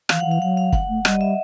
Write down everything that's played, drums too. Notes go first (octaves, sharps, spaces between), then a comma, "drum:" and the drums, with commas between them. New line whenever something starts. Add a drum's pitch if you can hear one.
E3 F5, drum: rim click
F3 F#5
E3
F5
F#3 F#5
F5
F#5, drum: kick
A3
G3 D#5, drum: rim click
E5